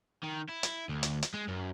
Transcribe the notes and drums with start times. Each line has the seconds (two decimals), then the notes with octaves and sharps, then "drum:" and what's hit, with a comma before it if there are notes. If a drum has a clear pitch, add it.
0.23 D#3
0.49 E4
0.63 drum: hi-hat
0.89 D2
1.03 drum: hi-hat
1.22 drum: hi-hat
1.34 G#3
1.48 F#2